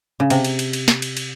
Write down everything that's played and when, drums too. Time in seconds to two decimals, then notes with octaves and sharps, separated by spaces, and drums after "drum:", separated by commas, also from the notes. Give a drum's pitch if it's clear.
0.20 C#3
0.30 C3, drum: cymbal
0.45 drum: cymbal
0.59 drum: cymbal
0.73 drum: cymbal
0.88 drum: snare
1.02 drum: cymbal
1.17 drum: cymbal